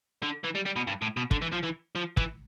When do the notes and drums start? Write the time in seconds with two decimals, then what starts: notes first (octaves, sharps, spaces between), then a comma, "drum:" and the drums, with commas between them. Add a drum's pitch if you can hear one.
0.23 D3
0.44 E3
0.55 G3
0.66 G3
0.76 B2
0.87 G2
1.02 A2
1.17 B2
1.31 D3, drum: kick
1.42 E3
1.52 F3
1.63 E3
1.95 F3
2.17 E3, drum: kick